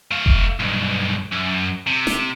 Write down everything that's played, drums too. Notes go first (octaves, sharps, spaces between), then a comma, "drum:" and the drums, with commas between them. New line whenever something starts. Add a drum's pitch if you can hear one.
A3 F5
drum: kick F1
B1 G2
F#2
C3
drum: snare